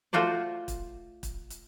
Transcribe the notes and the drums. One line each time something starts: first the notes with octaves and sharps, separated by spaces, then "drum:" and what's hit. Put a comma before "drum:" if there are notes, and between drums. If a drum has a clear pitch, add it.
A3 F4 F#4 C5 D5
drum: kick, hi-hat
drum: kick, hi-hat
drum: hi-hat